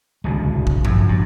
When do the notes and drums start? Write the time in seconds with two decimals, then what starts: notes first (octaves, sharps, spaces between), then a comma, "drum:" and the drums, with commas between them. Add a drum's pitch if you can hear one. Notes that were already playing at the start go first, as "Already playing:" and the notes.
0.24 D1 C2 B2 E3 G#3
0.38 C#3
0.67 drum: kick
0.85 A1 F#2 F3, drum: tom G2
1.09 G2